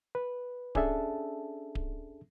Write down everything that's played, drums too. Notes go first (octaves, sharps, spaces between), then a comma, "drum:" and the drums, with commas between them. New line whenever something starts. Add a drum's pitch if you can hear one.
B4
C#4 D4 G#4 A4 E5 A5, drum: kick D1
drum: kick D1